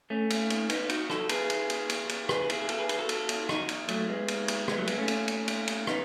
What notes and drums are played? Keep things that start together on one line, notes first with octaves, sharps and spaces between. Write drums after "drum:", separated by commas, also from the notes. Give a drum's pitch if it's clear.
A3 C#4
drum: cymbal
drum: cymbal
B3 D#4, drum: cymbal
D#4 F#4, drum: cymbal
F#4 A4, drum: rim click
G#4 B4, drum: cymbal
drum: cymbal
drum: cymbal
drum: cymbal
drum: cymbal
G#4 B4, drum: rim click
E4 G#4, drum: cymbal
G#4
F#4 A4, drum: cymbal
G#4 B4
G#4 B4, drum: cymbal
F#4 A4
drum: cymbal
drum: cymbal
D#4 F#4, drum: rim click
drum: cymbal
F#3 A3, drum: cymbal
G#3 B3
drum: cymbal
drum: cymbal
G#3 B3, drum: rim click
F#3 A3
G#3 B3, drum: cymbal
A3 C#4
drum: cymbal
drum: cymbal
drum: cymbal
drum: cymbal
B3 D#4, drum: rim click